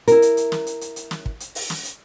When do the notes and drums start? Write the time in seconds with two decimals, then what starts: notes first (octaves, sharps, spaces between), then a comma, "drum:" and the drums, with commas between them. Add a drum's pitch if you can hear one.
0.07 E4 A#4, drum: hi-hat
0.22 drum: hi-hat
0.37 drum: hi-hat
0.52 drum: snare
0.67 drum: hi-hat
0.81 drum: hi-hat
0.96 drum: hi-hat
1.11 drum: snare
1.26 drum: kick
1.40 drum: hi-hat
1.55 drum: open hi-hat
1.70 drum: snare
1.85 drum: hi-hat